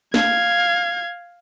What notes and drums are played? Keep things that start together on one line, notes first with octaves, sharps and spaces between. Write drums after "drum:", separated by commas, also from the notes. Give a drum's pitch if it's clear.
F5 G#6, drum: snare